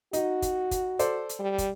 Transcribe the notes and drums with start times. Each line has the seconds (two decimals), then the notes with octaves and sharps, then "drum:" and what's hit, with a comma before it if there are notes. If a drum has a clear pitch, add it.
0.13 D#4 F#4, drum: hi-hat
0.42 drum: kick, hi-hat
0.71 drum: kick, hi-hat
0.99 A4 C5 D5, drum: hi-hat
1.29 drum: hi-hat
1.39 G3
1.58 drum: kick, hi-hat